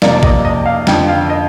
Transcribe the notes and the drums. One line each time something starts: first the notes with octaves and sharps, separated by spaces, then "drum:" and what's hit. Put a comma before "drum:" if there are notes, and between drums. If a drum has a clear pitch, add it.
F2 C3 F3 A#3 D5, drum: snare
D5
D#5, drum: kick A#1
D#5
F5
F2 D3 F3 G5, drum: snare
F5
D#5